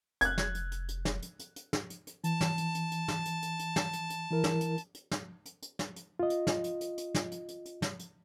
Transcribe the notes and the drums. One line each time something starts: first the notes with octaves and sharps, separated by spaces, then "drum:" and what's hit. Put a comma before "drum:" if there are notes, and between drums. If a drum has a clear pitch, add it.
F1 F#6 G#6, drum: hi-hat
drum: snare
drum: hi-hat
drum: hi-hat
drum: hi-hat
drum: snare
drum: hi-hat
drum: hi-hat
drum: hi-hat
drum: snare
drum: hi-hat
drum: hi-hat
E3 A5, drum: hi-hat
drum: snare
drum: hi-hat
drum: hi-hat
drum: hi-hat
drum: snare
drum: hi-hat
drum: hi-hat
drum: hi-hat
drum: snare
drum: hi-hat
drum: hi-hat
E3 E4 A#4
drum: snare
drum: hi-hat
drum: hi-hat
drum: hi-hat
drum: snare
drum: hi-hat
drum: hi-hat
drum: snare
drum: hi-hat
F4 D#5
drum: hi-hat
drum: snare
drum: hi-hat
drum: hi-hat
drum: hi-hat
drum: snare
drum: hi-hat
drum: hi-hat
drum: hi-hat
drum: snare
drum: hi-hat